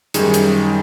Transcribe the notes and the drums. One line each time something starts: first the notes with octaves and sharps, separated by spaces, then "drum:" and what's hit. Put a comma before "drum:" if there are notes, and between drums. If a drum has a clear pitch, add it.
F#2 D#3 G3 G#4, drum: hi-hat
drum: hi-hat